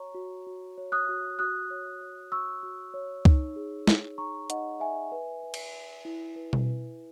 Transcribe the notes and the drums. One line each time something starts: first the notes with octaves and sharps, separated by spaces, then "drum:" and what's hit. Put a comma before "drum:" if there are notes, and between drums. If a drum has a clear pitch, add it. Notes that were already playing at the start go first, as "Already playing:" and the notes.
Already playing: F#4 C#5 A#5 C#6
F#4
F#4
C#5
D#6 F#6
F#4
F#4 D#6 F#6
C#5
C#5
F#4 C#6 E6
F#4
C#5
D#4, drum: kick C#2
G#4
C#5, drum: snare
D#4 A#5 C#6
D#4 D#5 F#5, drum: hi-hat
G#4 E5 G#5
B4
B4
drum: cymbal
B4
E4
B4
drum: tom B2
B4